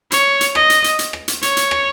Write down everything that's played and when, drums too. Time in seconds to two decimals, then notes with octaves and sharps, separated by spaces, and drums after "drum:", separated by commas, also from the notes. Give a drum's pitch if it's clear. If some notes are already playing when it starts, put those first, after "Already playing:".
0.12 C#5, drum: hi-hat
0.41 drum: hi-hat
0.55 D#5, drum: rim click
0.70 drum: hi-hat
0.84 drum: hi-hat
0.99 drum: hi-hat
1.13 drum: rim click
1.28 drum: hi-hat
1.42 C#5, drum: hi-hat
1.57 drum: hi-hat
1.71 drum: rim click